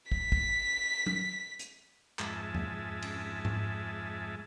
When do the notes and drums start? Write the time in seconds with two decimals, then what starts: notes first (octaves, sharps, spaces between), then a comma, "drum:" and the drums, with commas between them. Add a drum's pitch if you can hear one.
0.12 B6, drum: kick
0.32 drum: kick
1.06 drum: tom F#3
1.59 drum: hi-hat
2.19 F2 G#2 G#3 E5 A5, drum: clap
2.54 drum: tom E2
3.02 drum: cymbal
3.45 drum: tom G#2